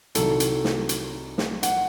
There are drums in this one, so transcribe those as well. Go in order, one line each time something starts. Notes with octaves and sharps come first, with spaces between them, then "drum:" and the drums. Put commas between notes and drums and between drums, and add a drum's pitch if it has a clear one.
C2 C3 D#3 F#3 A4, drum: hi-hat
drum: hi-hat
drum: snare
drum: hi-hat
drum: snare
F#5, drum: hi-hat